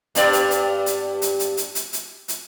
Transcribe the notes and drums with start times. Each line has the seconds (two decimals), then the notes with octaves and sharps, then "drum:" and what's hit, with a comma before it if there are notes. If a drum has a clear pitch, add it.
0.15 G2 B3 D5, drum: hi-hat
0.33 drum: hi-hat
0.51 drum: hi-hat
0.86 drum: hi-hat
1.22 drum: hi-hat
1.39 drum: hi-hat
1.57 drum: hi-hat
1.75 drum: hi-hat
1.93 drum: hi-hat
2.28 drum: hi-hat